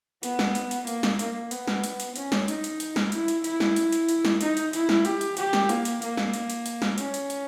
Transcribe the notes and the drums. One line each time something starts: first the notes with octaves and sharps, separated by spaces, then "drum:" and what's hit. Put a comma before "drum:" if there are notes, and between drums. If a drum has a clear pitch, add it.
B3, drum: hi-hat
drum: snare
drum: hi-hat
drum: hi-hat
A#3, drum: hi-hat
drum: snare
A#3, drum: hi-hat
B3, drum: hi-hat
drum: snare
drum: hi-hat
drum: hi-hat
C#4, drum: hi-hat
drum: snare
D#4, drum: hi-hat
drum: hi-hat
drum: hi-hat
drum: snare
E4, drum: hi-hat
drum: hi-hat
E4, drum: hi-hat
drum: snare
drum: hi-hat
drum: hi-hat
drum: hi-hat
drum: snare
D#4, drum: hi-hat
drum: hi-hat
E4, drum: hi-hat
drum: snare
G4, drum: hi-hat
drum: hi-hat
G4, drum: hi-hat
drum: snare
A#3, drum: hi-hat
drum: hi-hat
A#3, drum: hi-hat
drum: snare
drum: hi-hat
drum: hi-hat
drum: hi-hat
drum: snare
C#4, drum: hi-hat
drum: hi-hat
drum: hi-hat